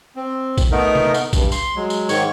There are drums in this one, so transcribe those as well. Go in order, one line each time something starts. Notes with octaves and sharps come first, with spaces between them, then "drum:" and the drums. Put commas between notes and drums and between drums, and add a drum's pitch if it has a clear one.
C4
drum: kick A#1, tambourine
A3 B3 D#4 A#4
drum: tom
drum: tambourine
G2, drum: kick A#1, tambourine
C6, drum: tambourine
F#3 G#3
drum: tambourine
G#2 D#3 C#5 C#6, drum: tambourine